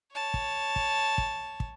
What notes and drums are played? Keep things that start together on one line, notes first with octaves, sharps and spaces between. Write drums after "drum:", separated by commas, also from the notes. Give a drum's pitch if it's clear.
C#5 A5
drum: kick
drum: kick
drum: kick
drum: kick